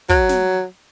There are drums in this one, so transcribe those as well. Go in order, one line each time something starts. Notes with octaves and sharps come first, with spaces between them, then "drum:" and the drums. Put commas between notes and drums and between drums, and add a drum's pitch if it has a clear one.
F#3, drum: kick
drum: snare